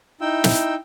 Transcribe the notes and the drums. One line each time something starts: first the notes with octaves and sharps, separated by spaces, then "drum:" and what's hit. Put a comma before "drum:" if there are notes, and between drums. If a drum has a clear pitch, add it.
D#4 E4 G5 E6
drum: snare